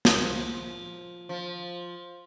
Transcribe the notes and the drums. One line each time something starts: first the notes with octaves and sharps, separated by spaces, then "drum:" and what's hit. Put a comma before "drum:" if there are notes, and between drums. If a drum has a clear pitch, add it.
drum: snare
F3
F3